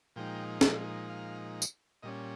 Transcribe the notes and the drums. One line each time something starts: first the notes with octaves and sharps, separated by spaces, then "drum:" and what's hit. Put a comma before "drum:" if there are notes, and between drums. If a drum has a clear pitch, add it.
A#2 F3 G#3 D#4 G5
drum: snare
F5
drum: tambourine
A#2 G3 C#4 D#5